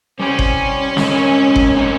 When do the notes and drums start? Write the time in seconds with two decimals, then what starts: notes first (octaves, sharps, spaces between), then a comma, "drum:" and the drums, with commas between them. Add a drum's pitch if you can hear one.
0.20 G3 C4 C#4 G4 C5
0.39 drum: kick G1
0.97 G#3 C4 D#4 A#4 C#5, drum: snare
1.56 drum: kick G1
1.75 G#3 C4 D#4 A#4 C#5